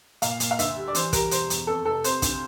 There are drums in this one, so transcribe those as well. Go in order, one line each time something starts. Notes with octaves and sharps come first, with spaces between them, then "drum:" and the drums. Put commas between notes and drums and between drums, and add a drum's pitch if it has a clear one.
A#2 F5, drum: hi-hat
A#2, drum: hi-hat
F5
D2 E5, drum: hi-hat
G3
D5
E3 C5, drum: hi-hat
G3 A#4, drum: kick, hi-hat
E1 C5, drum: hi-hat
E2, drum: hi-hat
F2 A4
F1 A4
C3 C5, drum: hi-hat
D2, drum: kick, hi-hat